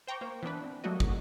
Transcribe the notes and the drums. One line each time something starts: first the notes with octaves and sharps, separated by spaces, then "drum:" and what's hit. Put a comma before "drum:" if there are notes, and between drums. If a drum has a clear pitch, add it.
C5 G5 A#5 C#6 D6
A#3 C5
E3 B3 D4 B4
C4
F#3 G3 A3 A#3 F#4 D#5
drum: kick